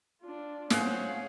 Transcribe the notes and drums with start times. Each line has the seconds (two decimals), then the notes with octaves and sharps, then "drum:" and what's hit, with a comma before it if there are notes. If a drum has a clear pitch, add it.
0.21 D4 F4
0.70 C#4 G#4 C5 F5 F#5, drum: snare